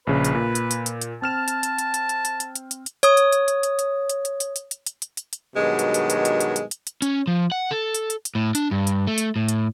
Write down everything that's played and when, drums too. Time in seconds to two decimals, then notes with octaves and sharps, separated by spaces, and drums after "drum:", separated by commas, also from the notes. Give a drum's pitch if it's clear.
0.07 A#1 C#3 B4
0.25 drum: hi-hat
0.35 A#2
0.55 drum: hi-hat
0.71 drum: hi-hat
0.86 drum: hi-hat
1.02 drum: hi-hat
1.22 C4 A5 F6 E7
1.48 drum: hi-hat
1.63 drum: hi-hat
1.79 drum: hi-hat
1.94 drum: hi-hat
2.09 drum: hi-hat
2.25 drum: hi-hat
2.40 drum: hi-hat
2.56 drum: hi-hat
2.71 drum: hi-hat
2.86 drum: hi-hat
3.03 C#5 D#6, drum: hi-hat
3.17 drum: hi-hat
3.33 drum: hi-hat
3.48 drum: hi-hat
3.63 drum: hi-hat
3.79 drum: hi-hat
4.10 drum: hi-hat
4.25 drum: hi-hat
4.40 drum: hi-hat
4.56 drum: hi-hat
4.71 drum: hi-hat
4.87 drum: hi-hat
5.02 drum: hi-hat
5.17 drum: hi-hat
5.33 drum: hi-hat
5.56 G2 B2 D#3 F#3 G#3
5.79 drum: hi-hat
5.94 drum: hi-hat
6.10 drum: hi-hat
6.25 drum: hi-hat
6.41 drum: hi-hat
6.56 drum: hi-hat
6.71 drum: hi-hat
6.87 drum: hi-hat
7.02 C#4, drum: hi-hat
7.27 F3
7.52 F#5
7.71 A4
7.95 drum: hi-hat
8.10 drum: hi-hat
8.25 drum: hi-hat
8.35 A2
8.55 D4, drum: hi-hat
8.71 G2
8.87 drum: hi-hat
9.07 A3
9.18 drum: hi-hat
9.36 A2
9.48 drum: hi-hat